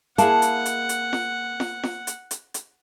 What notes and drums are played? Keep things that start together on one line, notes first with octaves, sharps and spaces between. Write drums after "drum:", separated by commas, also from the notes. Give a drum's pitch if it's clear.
A#3 E4 G#4 F#5 A5, drum: hi-hat
drum: hi-hat
drum: hi-hat
drum: hi-hat
drum: snare F4
drum: snare F4
drum: snare F4
drum: hi-hat
drum: hi-hat
drum: hi-hat